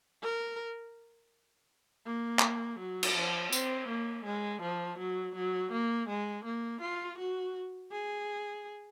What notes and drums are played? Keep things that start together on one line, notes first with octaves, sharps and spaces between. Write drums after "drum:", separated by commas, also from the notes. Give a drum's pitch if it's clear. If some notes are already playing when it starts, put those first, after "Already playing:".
A#4
A#3
drum: clap
F#3
drum: cymbal
F3
C4, drum: tambourine
A#3
G#3
F3
F#3
F#3
A#3
G#3
A#3
F4
F#4
G#4